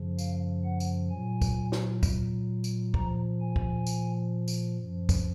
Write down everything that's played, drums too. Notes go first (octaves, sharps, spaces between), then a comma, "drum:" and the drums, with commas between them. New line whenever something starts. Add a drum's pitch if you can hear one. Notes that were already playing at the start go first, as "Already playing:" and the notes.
Already playing: F#2 C#3 F3
F5, drum: tambourine
F#5
drum: tambourine
A#2 F#3 G#5
drum: kick, tambourine
drum: snare
drum: kick, tambourine
drum: tambourine
A#2 F3 A#5, drum: kick
G#5
drum: kick
drum: tambourine
drum: tambourine
F#2 F3
drum: kick, tambourine